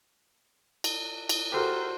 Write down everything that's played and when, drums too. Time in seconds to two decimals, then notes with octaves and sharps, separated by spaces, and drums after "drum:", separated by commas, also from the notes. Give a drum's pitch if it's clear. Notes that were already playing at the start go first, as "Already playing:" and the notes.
0.84 drum: cymbal
1.29 drum: cymbal
1.52 F#4 G4 A4 A#4 C5